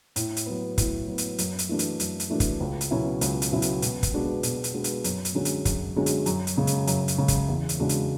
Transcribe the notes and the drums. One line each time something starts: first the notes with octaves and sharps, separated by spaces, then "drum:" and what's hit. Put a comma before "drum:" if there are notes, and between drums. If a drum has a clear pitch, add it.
A2, drum: hi-hat
drum: hi-hat
F#3 B3
A2, drum: kick, hi-hat
F#3 B3
drum: hi-hat
F#2, drum: hi-hat
drum: hi-hat
E3 A3 D4 F#4
drum: hi-hat
F#2, drum: hi-hat
drum: hi-hat
E3 A3 D4 F#4
drum: kick, hi-hat
C#2
drum: hi-hat
B2 F#3 C#4 E4
C#2, drum: hi-hat
drum: hi-hat
B2 F#3 C#4 E4
drum: hi-hat
B2, drum: hi-hat
drum: kick, hi-hat
G#3 B3 D4 F#4
B2, drum: hi-hat
drum: hi-hat
G#3 B3 D4 F#4
drum: hi-hat
F#2, drum: hi-hat
drum: hi-hat
D3 G#3 C#4 F#4
drum: hi-hat
F#2, drum: kick, hi-hat
D3 G#3 C#4 F#4
drum: hi-hat
F#2, drum: hi-hat
drum: hi-hat
C#3 G#3
drum: hi-hat
F#2, drum: hi-hat
drum: hi-hat
C#3 G#3
drum: kick, hi-hat
E2
drum: hi-hat
C#3 G#3 D4 F#4
drum: hi-hat